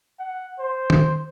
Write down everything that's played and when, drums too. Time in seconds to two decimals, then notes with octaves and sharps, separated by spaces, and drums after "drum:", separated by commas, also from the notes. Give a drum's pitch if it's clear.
0.19 F#5
0.59 C5
0.90 drum: tom